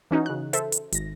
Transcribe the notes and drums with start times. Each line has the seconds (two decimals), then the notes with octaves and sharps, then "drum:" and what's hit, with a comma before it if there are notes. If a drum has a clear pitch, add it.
0.11 E3 C#4 D#4 F#4
0.26 C#3 F#6
0.53 A4 C5 E5, drum: hi-hat
0.72 drum: hi-hat
0.92 G#1 A#6, drum: hi-hat